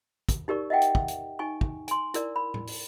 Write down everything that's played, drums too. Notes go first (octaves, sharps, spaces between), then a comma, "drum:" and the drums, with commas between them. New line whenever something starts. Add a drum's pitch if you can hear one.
drum: kick, hi-hat
D#4 G4 A#4 D5 C#6
D#5 E5 F#5 G5
drum: hi-hat
drum: kick
drum: hi-hat
D#4 G#5 C#6
drum: kick
G#5 C6, drum: hi-hat
E4 A#4 D5, drum: hi-hat
B5
drum: tom A2
drum: open hi-hat